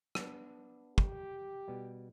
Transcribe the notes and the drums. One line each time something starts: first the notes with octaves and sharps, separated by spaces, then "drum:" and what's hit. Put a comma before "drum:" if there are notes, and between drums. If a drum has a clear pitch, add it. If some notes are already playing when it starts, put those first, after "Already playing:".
B3 D4, drum: rim click
G4, drum: kick
B2 G3